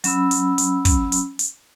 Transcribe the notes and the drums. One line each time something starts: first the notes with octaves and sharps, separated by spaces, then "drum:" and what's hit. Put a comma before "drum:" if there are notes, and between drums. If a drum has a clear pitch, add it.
F#3 C#4 B5 E6, drum: hi-hat
drum: hi-hat
drum: hi-hat
drum: kick, hi-hat
drum: hi-hat
drum: hi-hat